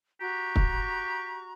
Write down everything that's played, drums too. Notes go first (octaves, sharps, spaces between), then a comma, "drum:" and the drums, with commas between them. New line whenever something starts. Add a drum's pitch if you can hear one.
F#4 G4 A#5 C#6
drum: kick